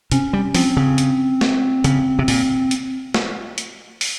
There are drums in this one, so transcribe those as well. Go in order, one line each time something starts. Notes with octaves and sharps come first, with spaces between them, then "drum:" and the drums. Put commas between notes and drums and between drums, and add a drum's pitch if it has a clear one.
C3 C#4, drum: hi-hat
G3
F3 C4, drum: open hi-hat
C#3
drum: hi-hat
drum: snare
C#3, drum: hi-hat
C3
A#2, drum: open hi-hat
drum: hi-hat
drum: snare
drum: hi-hat
drum: open hi-hat